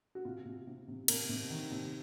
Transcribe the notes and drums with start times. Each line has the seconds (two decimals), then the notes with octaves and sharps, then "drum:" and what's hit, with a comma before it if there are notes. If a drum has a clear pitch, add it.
0.15 F#4
0.25 C3 F4
0.46 C3
0.67 C3
0.88 C3
1.08 C3 A#4, drum: cymbal
1.29 C3
1.50 D#3
1.71 C3